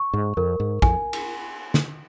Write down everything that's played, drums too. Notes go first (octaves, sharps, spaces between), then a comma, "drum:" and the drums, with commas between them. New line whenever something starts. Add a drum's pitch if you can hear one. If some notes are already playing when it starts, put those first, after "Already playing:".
Already playing: C#6
G#2
F2 A#4
G#2
F2 G#5, drum: kick
drum: cymbal
drum: snare